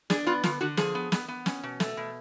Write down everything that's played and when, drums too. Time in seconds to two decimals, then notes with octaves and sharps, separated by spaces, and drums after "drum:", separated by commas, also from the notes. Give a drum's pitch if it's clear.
0.10 D4 G#4, drum: snare
0.27 B3 F4
0.43 D3 F4, drum: snare
0.61 D3 F#4
0.77 F3 G#4, drum: snare
0.95 B3
1.12 B3, drum: snare
1.28 B3
1.46 C#4, drum: snare
1.63 B2
1.80 A3, drum: snare
1.97 B2